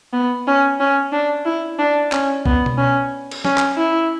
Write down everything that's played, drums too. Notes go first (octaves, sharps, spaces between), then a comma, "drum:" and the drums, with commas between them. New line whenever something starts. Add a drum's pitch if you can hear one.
B3
C#4
C#4
D4
E4
D4
C#4, drum: clap
B3, drum: kick B1
drum: tom B2
C#4
drum: cymbal
C#4, drum: snare
drum: clap
E4